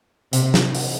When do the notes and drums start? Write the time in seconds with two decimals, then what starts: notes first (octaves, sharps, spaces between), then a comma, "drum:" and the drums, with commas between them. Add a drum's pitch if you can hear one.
0.33 C3, drum: hi-hat
0.54 drum: snare
0.75 drum: open hi-hat